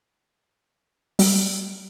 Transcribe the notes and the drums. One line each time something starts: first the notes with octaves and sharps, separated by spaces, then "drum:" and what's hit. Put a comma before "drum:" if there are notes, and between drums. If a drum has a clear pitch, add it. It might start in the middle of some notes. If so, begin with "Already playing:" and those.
G3, drum: open hi-hat